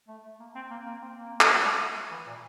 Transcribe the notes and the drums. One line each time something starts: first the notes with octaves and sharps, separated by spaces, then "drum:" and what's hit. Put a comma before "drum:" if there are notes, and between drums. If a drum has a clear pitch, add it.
A3
A#3
C4
A#3
A#3
C4
A#3
drum: clap
G3
A3
A3
E3
A#2